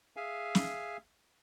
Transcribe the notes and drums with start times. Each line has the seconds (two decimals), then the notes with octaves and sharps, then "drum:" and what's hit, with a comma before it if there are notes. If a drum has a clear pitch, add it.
0.16 G#4 E5 F5 G#5
0.55 drum: snare